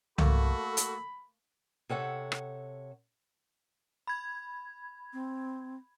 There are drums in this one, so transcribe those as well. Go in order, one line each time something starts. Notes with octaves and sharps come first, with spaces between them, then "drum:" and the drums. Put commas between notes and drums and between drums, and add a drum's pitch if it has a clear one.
A3 A#3 F#4 A4 B5, drum: tom C2
drum: hi-hat
C3 A4 C#5 F#5
drum: rim click
B5 G#6
C4